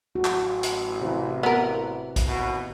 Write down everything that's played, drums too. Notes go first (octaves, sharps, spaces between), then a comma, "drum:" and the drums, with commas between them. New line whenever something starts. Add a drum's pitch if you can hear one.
A1 F#4
drum: clap
drum: hi-hat
C3 E3
B3 A#4
drum: kick, hi-hat
D#2 B2